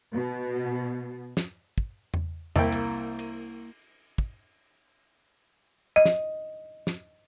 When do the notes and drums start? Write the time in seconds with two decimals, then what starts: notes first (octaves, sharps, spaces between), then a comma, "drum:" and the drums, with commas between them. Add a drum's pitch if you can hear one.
0.12 B2
1.37 drum: snare
1.78 drum: kick
2.14 drum: tom E2
2.56 C2 A#3 E4 G5, drum: tom E2
2.72 drum: cymbal
3.19 drum: cymbal
4.18 drum: kick
5.96 D#5
6.05 drum: snare
6.87 drum: snare